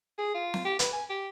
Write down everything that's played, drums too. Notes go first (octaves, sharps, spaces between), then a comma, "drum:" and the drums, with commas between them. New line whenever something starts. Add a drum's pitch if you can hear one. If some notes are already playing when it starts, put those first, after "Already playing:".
G#4
F4
drum: snare
G4
B4, drum: hi-hat
G#5
G4